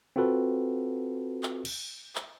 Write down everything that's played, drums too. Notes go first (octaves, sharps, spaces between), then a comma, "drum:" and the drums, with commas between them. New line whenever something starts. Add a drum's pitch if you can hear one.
C4 F4 F#4 A4 B4
drum: clap
drum: cymbal
drum: clap